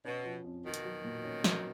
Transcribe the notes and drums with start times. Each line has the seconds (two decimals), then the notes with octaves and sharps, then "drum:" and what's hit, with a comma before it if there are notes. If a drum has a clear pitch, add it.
0.05 B2 C#4
0.24 F3
0.44 F2
0.64 B2 D#3 F#4
0.74 drum: hi-hat
0.85 F#3
1.04 A#2
1.25 C#4
1.44 F#3, drum: snare